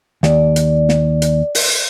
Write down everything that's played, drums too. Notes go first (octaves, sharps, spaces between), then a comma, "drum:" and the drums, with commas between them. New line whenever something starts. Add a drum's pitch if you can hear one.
D#2 D5, drum: snare
drum: hi-hat
drum: snare
drum: hi-hat
drum: open hi-hat